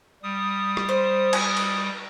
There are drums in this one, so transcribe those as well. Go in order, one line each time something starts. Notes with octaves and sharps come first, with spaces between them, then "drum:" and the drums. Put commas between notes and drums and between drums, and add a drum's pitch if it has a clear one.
G3 D#6
drum: rim click
C5
G#5, drum: cymbal
drum: cymbal